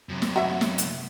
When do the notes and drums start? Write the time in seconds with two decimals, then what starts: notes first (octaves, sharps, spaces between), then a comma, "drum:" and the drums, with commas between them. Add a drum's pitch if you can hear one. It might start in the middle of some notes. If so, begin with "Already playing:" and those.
0.09 F#2 C3
0.22 drum: snare
0.36 F#4 E5
0.61 drum: snare
0.78 drum: hi-hat